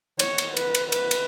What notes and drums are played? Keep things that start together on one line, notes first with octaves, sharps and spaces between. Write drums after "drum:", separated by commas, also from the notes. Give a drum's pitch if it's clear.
C#5, drum: cymbal
drum: cymbal
B4, drum: cymbal
drum: cymbal
B4, drum: cymbal
drum: cymbal